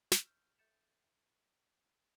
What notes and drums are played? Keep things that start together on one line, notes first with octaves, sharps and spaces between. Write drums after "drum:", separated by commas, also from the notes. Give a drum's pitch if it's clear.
drum: snare
C#6 E6 F6 G6
A4 E5 G6 A6 C#7 E7